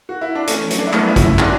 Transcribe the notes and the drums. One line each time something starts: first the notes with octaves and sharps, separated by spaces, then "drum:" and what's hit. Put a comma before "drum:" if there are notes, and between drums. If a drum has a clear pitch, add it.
F#4
E4
D4
E3 A3 C#4, drum: hi-hat
F#3, drum: hi-hat
D4
E4
A3 B3 D4, drum: clap
C#4 E4
F#3, drum: kick, hi-hat
D4 F#4, drum: clap